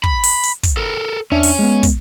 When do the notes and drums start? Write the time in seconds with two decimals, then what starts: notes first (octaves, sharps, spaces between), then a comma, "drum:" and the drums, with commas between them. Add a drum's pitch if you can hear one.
0.04 B5, drum: kick
0.23 drum: open hi-hat
0.43 drum: hi-hat
0.63 drum: kick, hi-hat
0.77 A4 A#4
1.32 E2 C#4 D4 E5
1.43 drum: open hi-hat
1.59 G#3 B3
1.83 drum: kick, hi-hat